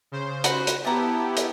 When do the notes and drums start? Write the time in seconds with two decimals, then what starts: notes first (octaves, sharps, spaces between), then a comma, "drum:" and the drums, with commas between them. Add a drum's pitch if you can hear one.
0.12 C#3 C5
0.44 F#4 B4, drum: hi-hat
0.67 drum: hi-hat
0.85 B3 E4 G4 A5 A#5
1.37 drum: hi-hat